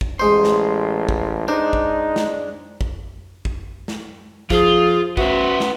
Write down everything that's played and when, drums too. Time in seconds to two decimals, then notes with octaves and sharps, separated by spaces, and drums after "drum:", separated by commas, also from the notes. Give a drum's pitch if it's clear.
0.01 drum: kick
0.19 A1 G#3 C5 C6
0.44 drum: snare
1.09 drum: kick
1.48 G#3 D4 D#4 C5
1.73 drum: kick
2.16 drum: snare
2.81 drum: kick
3.45 drum: kick
3.88 drum: snare
4.50 F3 F4 G#4, drum: kick
5.17 B3 F#4 C5 E5, drum: kick
5.60 drum: snare